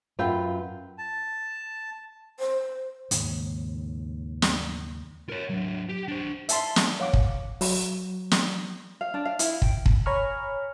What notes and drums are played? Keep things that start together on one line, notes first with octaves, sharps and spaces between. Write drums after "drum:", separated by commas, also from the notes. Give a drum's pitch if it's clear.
F#2 F4 B4 E5 G5
A5
C5
D#2 G#2 C#3, drum: hi-hat
drum: snare
A#4 C#5
F#3 D4
G4
D4 C5
E5 A5 C6, drum: hi-hat
drum: snare
C#5 F5 F#5 D6
drum: kick
F#3, drum: open hi-hat
drum: snare
F5
D4
F5
E4, drum: hi-hat
G5, drum: kick
drum: kick
C#5 G#5 A#5 B5 C#6 F6